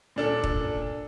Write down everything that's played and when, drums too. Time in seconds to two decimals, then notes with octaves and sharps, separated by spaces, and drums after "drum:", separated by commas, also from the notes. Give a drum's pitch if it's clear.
0.16 A#2 D4 A4
0.44 drum: kick